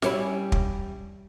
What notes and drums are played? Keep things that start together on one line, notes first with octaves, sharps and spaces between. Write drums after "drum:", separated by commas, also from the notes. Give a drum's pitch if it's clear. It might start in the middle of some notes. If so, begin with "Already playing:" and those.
G3 C#4 E4, drum: snare
drum: kick